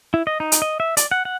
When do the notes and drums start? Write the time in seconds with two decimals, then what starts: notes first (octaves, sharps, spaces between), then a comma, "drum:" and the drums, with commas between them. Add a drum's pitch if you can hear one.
0.14 E4
0.27 D#5
0.40 D#4
0.52 drum: hi-hat
0.62 D#5
0.80 E5
0.97 D5, drum: hi-hat
1.11 F#5
1.25 F#5